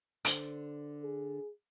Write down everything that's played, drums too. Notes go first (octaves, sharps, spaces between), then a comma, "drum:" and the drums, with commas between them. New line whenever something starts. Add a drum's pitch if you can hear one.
D3 C5, drum: hi-hat
G#4